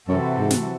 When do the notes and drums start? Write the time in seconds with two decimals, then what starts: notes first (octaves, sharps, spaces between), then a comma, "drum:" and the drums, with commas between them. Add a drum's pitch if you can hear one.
0.08 F#2 C3 E3 C4 F#4 A4
0.36 G#2
0.50 drum: snare